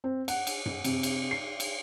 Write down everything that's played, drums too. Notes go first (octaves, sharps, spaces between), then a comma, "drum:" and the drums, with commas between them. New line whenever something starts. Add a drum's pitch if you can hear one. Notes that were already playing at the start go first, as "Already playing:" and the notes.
C4
F#5, drum: cymbal
drum: cymbal
drum: tom F#2
C3, drum: cymbal
drum: cymbal
C7
drum: cymbal